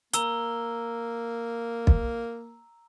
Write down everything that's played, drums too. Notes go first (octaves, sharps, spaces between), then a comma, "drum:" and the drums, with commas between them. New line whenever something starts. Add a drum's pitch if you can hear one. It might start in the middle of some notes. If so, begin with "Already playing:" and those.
A#3 A#5 E6 G7, drum: hi-hat
drum: kick